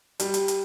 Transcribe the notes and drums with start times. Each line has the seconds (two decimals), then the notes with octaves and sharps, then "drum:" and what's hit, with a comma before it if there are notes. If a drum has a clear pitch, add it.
0.20 G3, drum: hi-hat
0.34 drum: hi-hat
0.48 drum: hi-hat